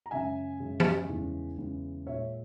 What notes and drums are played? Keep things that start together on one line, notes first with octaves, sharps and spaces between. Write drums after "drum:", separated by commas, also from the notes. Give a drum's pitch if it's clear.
A#5
F#2 C#3 G#3 E5 G#5
F#2 C#3 G#3
drum: tom E3
E2 C#3 E3 G#3
E2 C#3 E3 G#3
A#2 G#3 C#5 E5